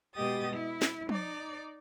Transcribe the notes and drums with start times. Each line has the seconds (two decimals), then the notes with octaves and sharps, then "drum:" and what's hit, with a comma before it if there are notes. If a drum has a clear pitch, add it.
0.14 B2 G#3 G4 D#5 D#6 A6
0.52 E4
0.82 drum: snare
1.09 D#4 D5, drum: tom